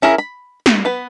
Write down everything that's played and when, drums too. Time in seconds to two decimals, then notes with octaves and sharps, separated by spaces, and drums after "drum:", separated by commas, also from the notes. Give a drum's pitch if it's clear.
0.02 C#4 E4 G#4 A#4
0.18 B5
0.66 drum: snare
0.85 B3 B4